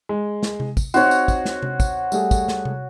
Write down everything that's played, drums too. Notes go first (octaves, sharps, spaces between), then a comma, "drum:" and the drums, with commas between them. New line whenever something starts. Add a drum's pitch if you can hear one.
G#3
drum: snare
drum: tom C3
drum: kick, tambourine
C4 D#4 F#4 C#5 C6, drum: tambourine
drum: tambourine
drum: kick, tambourine
drum: snare
drum: tom C3
drum: kick, tambourine
G3 A3 G#4, drum: tambourine
drum: kick, tambourine
drum: snare
drum: tom C3